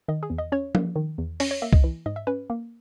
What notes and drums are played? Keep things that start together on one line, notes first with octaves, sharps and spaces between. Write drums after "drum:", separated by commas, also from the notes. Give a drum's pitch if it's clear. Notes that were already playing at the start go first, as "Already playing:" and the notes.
D#3 D#5
G#4
E2
D#5
C#4 C#5
A#3, drum: tom F3
D#3
E2
C#4 C#5, drum: open hi-hat
C#5
A#3 E5
D#5, drum: kick C2
E3
G#2 D#5
E5
C#4 B4
A#3